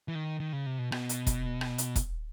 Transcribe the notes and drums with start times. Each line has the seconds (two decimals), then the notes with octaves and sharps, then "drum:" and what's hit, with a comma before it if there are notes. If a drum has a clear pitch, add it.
0.08 E3
0.15 D#3
0.40 D#3
0.53 C#3
0.66 C3
0.79 B2
0.92 B2, drum: rim click
1.09 drum: hi-hat
1.27 drum: kick E1, hi-hat
1.61 drum: rim click
1.78 drum: hi-hat
1.96 drum: kick E1, hi-hat